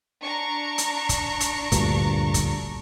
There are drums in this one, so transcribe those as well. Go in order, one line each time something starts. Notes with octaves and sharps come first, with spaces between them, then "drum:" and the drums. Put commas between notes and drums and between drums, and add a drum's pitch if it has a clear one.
D4 A#5 C#6
drum: hi-hat
drum: kick, hi-hat
drum: hi-hat
D2 G2 A#2, drum: kick, hi-hat
drum: kick, hi-hat